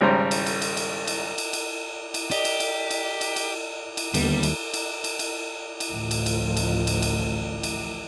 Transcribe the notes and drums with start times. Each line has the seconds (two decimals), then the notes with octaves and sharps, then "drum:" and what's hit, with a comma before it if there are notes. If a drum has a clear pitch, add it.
0.01 G#1 C#3 G3 C5 C#5 A#5
0.31 drum: cymbal
0.46 drum: cymbal
0.62 drum: cymbal
0.77 drum: cymbal
1.07 drum: cymbal
1.38 drum: cymbal
1.53 drum: cymbal
2.14 drum: cymbal
2.31 G4 D5 D#5, drum: cymbal
2.45 drum: cymbal
2.60 drum: cymbal
2.90 drum: cymbal
3.21 drum: cymbal
3.36 drum: cymbal
3.97 drum: cymbal
4.14 D#2 D3 G3 B3, drum: cymbal
4.43 drum: cymbal
4.74 drum: cymbal
5.04 drum: cymbal
5.19 drum: cymbal
5.80 drum: cymbal
5.90 A1 D2 F3 A3
6.11 drum: cymbal
6.26 drum: cymbal
6.57 drum: cymbal
6.87 drum: cymbal
7.02 drum: cymbal
7.63 drum: cymbal